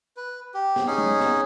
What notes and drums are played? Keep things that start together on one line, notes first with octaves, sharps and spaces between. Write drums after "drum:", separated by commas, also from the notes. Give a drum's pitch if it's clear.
B4
G4
drum: snare B4
C#4 D#4 G#4
drum: tom G#3
drum: snare B4